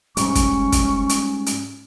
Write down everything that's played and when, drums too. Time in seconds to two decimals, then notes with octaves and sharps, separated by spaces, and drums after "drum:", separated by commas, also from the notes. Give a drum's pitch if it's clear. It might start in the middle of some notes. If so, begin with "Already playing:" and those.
0.17 G#2 G3 C#4 C#6, drum: hi-hat
0.35 drum: kick, hi-hat
0.72 drum: kick, hi-hat
1.09 drum: hi-hat
1.46 drum: hi-hat